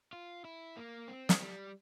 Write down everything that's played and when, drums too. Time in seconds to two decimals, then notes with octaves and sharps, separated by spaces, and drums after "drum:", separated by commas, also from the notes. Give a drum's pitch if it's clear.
0.13 F4
0.45 E4
0.77 A#3
1.08 C4
1.29 drum: snare
1.40 G3